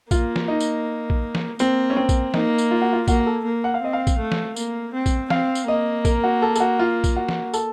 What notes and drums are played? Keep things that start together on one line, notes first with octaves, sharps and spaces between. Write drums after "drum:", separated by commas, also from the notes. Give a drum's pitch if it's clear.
A#3 F4, drum: kick, tambourine
drum: snare
D#4
drum: tambourine
drum: kick
drum: snare
A#3 C4, drum: tambourine
C#4
C4
drum: kick, tambourine
A#3 D#4, drum: snare
drum: tambourine
F4
F#4
F4
A#3 F#4, drum: kick, tambourine
F#4
A4
A#3
F#5
F5
C4 D#5
F5
drum: kick, tambourine
A3
drum: snare
A#3, drum: tambourine
C4
drum: kick, tambourine
C4 F5, drum: snare
drum: tambourine
A#3 D#5
A#4, drum: kick, tambourine
F#4
A4
A4, drum: tambourine
F#4
F4
drum: kick, tambourine
F#4
drum: snare
A4, drum: tambourine